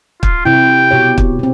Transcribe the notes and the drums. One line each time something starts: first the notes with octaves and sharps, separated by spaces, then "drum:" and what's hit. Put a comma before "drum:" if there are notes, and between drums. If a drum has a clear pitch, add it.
F4, drum: kick
C3 E4 G5
B2 G4 C#5
drum: kick
B2 C4